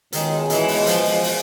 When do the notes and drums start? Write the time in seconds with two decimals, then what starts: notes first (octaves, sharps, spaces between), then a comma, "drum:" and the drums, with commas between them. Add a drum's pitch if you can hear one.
0.13 C#2 B2 D#3 G#3, drum: hi-hat
0.50 E3, drum: hi-hat
0.68 drum: open hi-hat
0.87 F3, drum: hi-hat
1.05 drum: open hi-hat
1.24 drum: open hi-hat